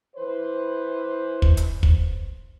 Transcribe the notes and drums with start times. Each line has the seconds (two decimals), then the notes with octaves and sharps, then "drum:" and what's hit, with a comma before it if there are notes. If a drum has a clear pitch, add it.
0.16 E3 B4 C5
1.42 drum: kick
1.57 drum: hi-hat
1.83 drum: kick